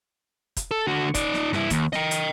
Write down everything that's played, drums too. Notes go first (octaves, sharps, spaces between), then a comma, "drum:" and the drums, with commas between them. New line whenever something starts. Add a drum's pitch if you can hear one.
drum: kick, hi-hat
A4
D3 F#4
D#4 D5, drum: kick, hi-hat
drum: snare
G2 E4, drum: snare
D#2, drum: kick, hi-hat
D#5 G5, drum: snare
drum: hi-hat